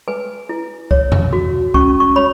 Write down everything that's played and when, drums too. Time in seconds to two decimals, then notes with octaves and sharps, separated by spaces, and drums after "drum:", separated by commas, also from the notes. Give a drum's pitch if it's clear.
0.08 B4 G#5
0.49 E4
0.91 C#5, drum: kick C2
1.12 drum: tom E2
1.33 F#4
1.74 C#4 C#6, drum: kick C2
2.00 C#6
2.16 C#5 B5